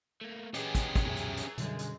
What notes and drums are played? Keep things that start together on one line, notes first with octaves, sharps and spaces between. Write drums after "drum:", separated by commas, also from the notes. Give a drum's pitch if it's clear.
A3 A#3
B3 C#4 D#4 G4 G#4, drum: hi-hat
drum: kick, hi-hat
drum: kick, hi-hat
C#2 F#2 B2 A#4 E5
drum: hi-hat
drum: hi-hat
F#2 B2 D3 G3 G#3, drum: hi-hat
drum: hi-hat